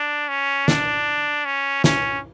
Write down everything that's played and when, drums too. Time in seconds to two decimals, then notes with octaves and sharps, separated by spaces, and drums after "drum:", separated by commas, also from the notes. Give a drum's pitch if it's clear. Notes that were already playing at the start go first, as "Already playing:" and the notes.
Already playing: D4
0.29 C#4
0.68 D4, drum: snare
1.45 C#4
1.84 C#4, drum: snare